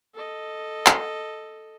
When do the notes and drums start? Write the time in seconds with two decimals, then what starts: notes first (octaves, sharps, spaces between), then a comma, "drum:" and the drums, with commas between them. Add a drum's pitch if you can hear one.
0.15 A4 D#5
0.86 drum: clap